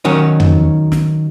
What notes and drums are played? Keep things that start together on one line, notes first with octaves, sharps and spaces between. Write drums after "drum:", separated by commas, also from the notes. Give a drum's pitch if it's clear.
D#3 F#3 C#4 D#4
drum: tom
drum: snare